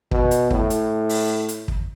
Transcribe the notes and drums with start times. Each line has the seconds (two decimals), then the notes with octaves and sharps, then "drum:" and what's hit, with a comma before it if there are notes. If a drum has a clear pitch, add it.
0.11 B2, drum: kick
0.31 drum: hi-hat
0.51 A2, drum: kick
0.70 drum: hi-hat
1.09 drum: open hi-hat
1.48 drum: hi-hat
1.68 drum: kick